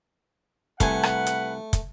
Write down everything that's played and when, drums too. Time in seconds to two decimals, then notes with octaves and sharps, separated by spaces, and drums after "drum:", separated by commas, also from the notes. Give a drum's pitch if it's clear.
0.80 C2 A3 B4 F#5 G#5, drum: kick, hi-hat
1.03 drum: rim click
1.27 drum: hi-hat
1.73 drum: kick, hi-hat